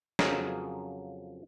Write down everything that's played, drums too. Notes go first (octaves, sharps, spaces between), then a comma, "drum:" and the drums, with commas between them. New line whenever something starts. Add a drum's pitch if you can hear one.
F2 C#3 F3 F#3 G#4 A#4, drum: snare